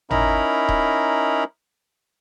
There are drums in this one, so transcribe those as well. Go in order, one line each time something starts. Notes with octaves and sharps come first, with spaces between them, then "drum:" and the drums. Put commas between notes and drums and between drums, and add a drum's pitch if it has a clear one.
C#4 D#4 E4 A#4 A#5 B5, drum: tom G#1
drum: kick D#1